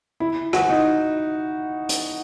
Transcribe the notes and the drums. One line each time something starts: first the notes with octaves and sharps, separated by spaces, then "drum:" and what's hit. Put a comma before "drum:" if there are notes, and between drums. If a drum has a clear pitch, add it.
E4
F#4, drum: rim click
D#4
drum: hi-hat